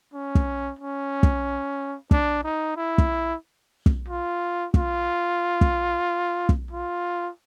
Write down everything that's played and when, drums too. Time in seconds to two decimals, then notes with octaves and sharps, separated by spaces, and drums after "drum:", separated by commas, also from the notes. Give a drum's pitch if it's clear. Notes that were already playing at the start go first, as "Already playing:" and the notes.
0.14 C#4
0.35 drum: kick
0.79 C#4
1.23 drum: kick
2.11 D4, drum: kick
2.44 D#4
2.77 E4
2.98 drum: kick
3.86 drum: kick
4.08 F4
4.74 F4, drum: kick
5.61 drum: kick
6.49 drum: kick
6.71 F4